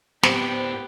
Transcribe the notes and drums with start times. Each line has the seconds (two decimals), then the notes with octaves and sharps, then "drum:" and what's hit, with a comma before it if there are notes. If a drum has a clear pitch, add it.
0.23 A2 B3 C4 D4 G4, drum: snare